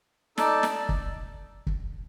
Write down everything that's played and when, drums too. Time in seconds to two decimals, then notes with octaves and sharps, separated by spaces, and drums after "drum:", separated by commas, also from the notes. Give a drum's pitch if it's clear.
0.38 D#4 A4 D5 A5, drum: snare
0.63 drum: snare
0.89 drum: kick
1.67 drum: kick